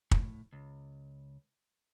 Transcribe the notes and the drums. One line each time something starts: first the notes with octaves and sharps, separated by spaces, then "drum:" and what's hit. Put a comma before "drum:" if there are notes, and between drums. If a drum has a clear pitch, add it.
A2, drum: kick
C#2